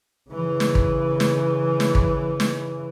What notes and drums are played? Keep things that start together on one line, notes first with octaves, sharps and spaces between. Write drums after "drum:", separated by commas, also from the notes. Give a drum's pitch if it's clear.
C#3 E3
drum: snare
drum: kick
drum: snare
drum: snare
drum: kick
drum: snare